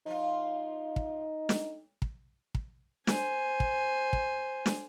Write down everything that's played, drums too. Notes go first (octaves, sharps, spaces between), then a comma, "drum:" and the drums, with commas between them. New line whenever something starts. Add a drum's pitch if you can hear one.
F3 D#4 F4
drum: kick
drum: snare
drum: kick
drum: kick
C5 G#5, drum: snare
drum: kick
drum: kick
drum: snare